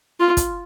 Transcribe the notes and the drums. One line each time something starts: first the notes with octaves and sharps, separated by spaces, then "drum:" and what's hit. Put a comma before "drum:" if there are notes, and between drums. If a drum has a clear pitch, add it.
F4
drum: kick, hi-hat